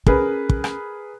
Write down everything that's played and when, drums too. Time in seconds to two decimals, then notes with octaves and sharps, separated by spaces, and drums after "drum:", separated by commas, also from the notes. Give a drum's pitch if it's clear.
0.07 C#4 G#4 A#4 B4, drum: kick
0.49 drum: kick
0.64 drum: rim click